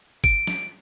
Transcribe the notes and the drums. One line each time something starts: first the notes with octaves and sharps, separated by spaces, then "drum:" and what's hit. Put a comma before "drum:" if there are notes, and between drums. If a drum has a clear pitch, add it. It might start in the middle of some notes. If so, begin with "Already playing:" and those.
D7, drum: kick, hi-hat
drum: snare